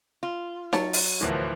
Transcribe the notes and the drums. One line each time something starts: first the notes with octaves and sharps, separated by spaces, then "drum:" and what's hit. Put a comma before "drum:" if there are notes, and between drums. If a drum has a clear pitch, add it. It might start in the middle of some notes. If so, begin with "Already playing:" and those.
F4
F#3 A5, drum: snare D#4
drum: open hi-hat
D1 D2 A2 E3 F3 A#4